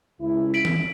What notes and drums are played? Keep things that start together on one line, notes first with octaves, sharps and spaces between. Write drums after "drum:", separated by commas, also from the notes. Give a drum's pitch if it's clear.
C#2 E4
B6 D7 F#7
drum: tom